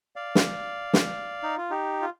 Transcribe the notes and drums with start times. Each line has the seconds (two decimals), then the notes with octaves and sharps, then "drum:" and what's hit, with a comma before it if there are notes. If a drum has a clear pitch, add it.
0.16 D5 F5
0.35 drum: snare
0.93 drum: snare
1.43 D#4
1.58 F4
1.70 D#4 G4
2.02 F4